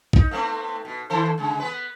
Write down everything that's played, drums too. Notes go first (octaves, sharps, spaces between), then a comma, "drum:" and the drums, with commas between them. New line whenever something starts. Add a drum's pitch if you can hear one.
D#4, drum: kick A#1
A3 B3 C4
B2
D#3 A4 C5
C#3 G#3
B3 B4